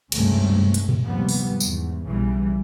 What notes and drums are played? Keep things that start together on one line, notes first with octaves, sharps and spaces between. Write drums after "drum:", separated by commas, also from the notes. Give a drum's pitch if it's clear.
G#1 C#2 G2 C3 A3 C#4, drum: cymbal
drum: hi-hat
drum: tom A#2
G#1 D#2 C3 F3 G3 B3
drum: open hi-hat
E2 G#2, drum: tambourine
B1 C#3 E3 G3